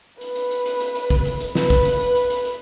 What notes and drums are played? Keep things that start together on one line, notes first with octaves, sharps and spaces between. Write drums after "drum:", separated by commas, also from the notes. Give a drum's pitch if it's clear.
B4, drum: hi-hat
drum: hi-hat
drum: hi-hat
drum: hi-hat
drum: hi-hat
drum: hi-hat
drum: kick, hi-hat
drum: hi-hat
drum: hi-hat
B4, drum: snare
drum: kick
drum: hi-hat
B4, drum: hi-hat
drum: hi-hat
drum: hi-hat
drum: hi-hat